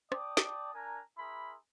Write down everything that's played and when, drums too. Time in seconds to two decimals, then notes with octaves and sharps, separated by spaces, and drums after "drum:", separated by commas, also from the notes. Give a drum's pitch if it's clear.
0.12 D5 G5 A5 D6 D#6, drum: rim click
0.37 drum: snare
0.73 D4 A#4 G#5 A#5
1.18 E4 G#4 A#4 B5 C6